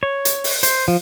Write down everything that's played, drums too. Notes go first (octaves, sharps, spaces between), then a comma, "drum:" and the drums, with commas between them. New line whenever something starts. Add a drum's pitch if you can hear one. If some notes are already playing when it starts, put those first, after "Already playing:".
C#5
drum: hi-hat
drum: open hi-hat
C5, drum: hi-hat
F3